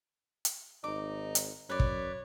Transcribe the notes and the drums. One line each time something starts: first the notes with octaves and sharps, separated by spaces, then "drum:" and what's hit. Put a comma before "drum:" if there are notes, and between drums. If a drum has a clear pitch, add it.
drum: hi-hat
G#1 D#4 D6
drum: hi-hat
F#2 B4 C#5 D5
drum: kick